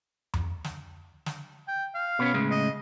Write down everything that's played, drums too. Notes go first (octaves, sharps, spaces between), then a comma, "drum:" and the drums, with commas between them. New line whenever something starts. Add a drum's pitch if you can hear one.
drum: tom F2
drum: snare
drum: snare
G5
F5
B2 B3 C#4
A2 C#3 G#3
D#5